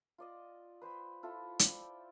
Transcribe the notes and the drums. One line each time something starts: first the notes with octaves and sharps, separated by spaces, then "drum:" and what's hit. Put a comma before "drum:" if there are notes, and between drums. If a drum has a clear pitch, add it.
F4 D5 D#5
B4 C5 G5 B5
E4 F4 A4
C5 D5 G5, drum: hi-hat